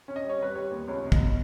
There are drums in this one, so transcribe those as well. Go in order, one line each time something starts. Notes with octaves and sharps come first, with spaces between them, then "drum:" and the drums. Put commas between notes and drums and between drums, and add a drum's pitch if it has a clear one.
C#4
D#5
G3
C#5
G3 B4
G3 C#5
D#2
C#2 C#5
B2
D#5, drum: kick
B2